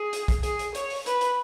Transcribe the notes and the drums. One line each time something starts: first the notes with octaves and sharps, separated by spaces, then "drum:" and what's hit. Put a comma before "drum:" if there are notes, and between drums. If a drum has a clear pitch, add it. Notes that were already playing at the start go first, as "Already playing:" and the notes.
Already playing: G#4
drum: hi-hat
drum: kick, hi-hat
G#4, drum: hi-hat
drum: hi-hat
C#5, drum: hi-hat
drum: open hi-hat
B4, drum: hi-hat
drum: hi-hat